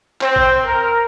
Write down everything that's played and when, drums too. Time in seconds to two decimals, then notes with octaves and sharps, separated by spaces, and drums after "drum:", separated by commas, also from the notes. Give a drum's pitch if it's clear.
0.21 C4, drum: clap
0.36 drum: kick G#1
0.65 A#4